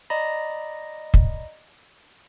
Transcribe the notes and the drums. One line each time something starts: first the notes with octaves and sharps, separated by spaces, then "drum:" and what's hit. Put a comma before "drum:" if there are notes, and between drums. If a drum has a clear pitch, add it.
D5 D#5 A#5 B5 A#6
drum: kick